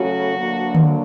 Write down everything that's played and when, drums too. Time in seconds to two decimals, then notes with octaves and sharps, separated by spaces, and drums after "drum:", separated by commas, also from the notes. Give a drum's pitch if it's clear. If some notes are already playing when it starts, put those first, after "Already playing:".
Already playing: C#3 F#3 A3 C#4 F#4
0.34 D2 D3 F#3 A#3 D4
0.75 drum: tom D3